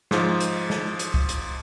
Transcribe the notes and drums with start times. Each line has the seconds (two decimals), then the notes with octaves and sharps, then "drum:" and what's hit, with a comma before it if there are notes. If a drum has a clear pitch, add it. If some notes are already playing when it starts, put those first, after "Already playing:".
0.11 G#2 F3, drum: snare
0.40 drum: hi-hat
0.70 drum: snare
0.99 drum: hi-hat
1.14 drum: kick C2
1.29 drum: hi-hat